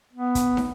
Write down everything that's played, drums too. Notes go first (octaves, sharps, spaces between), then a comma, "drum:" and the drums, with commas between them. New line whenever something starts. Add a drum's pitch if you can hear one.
B3
drum: kick, hi-hat
drum: snare